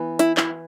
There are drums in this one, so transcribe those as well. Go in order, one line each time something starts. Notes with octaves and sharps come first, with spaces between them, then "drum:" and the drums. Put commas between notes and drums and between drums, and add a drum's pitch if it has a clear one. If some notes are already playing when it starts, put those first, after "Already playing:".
Already playing: E3 B3
E4, drum: hi-hat
E4, drum: clap